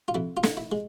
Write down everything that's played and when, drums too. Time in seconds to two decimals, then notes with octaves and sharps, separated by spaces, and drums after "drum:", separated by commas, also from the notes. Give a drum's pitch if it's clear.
0.08 F4
0.15 F2 E4
0.37 F4
0.43 D3, drum: snare
0.57 E4
0.72 G#3